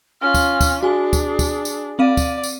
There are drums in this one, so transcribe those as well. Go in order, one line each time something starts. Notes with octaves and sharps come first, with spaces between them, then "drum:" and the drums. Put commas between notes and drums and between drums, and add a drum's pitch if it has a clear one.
C#4 F4 F6
drum: kick, tambourine
drum: kick, tambourine
D4 F#4 G#4 G#5
drum: kick, tambourine
drum: kick, tambourine
drum: tambourine
C4 D5 F5 D#7
drum: kick, tambourine
drum: tambourine